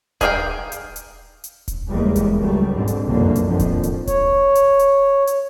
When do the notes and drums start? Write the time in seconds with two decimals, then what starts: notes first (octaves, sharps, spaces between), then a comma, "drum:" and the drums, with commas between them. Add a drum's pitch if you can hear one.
0.21 G#4 A#4 D#5 F5 G5, drum: kick D#1, hi-hat
0.72 drum: hi-hat
0.96 drum: hi-hat
1.44 drum: hi-hat
1.68 drum: kick D#1, hi-hat
1.88 E2 C#3 G3 G#3 A#3
2.16 drum: kick D#1, hi-hat
2.40 C#2 F#3 G3 A3
2.72 G#2 B2 D3 C4
2.88 drum: hi-hat
3.05 F1 C2 F#2 B2 D3 A#3
3.35 drum: hi-hat
3.45 A#1 F2 A2 D3 D#3 F3
3.59 drum: kick D#1, hi-hat
3.83 drum: hi-hat
4.07 C#5, drum: kick D#1, hi-hat
4.55 drum: hi-hat
4.79 drum: hi-hat
5.27 drum: hi-hat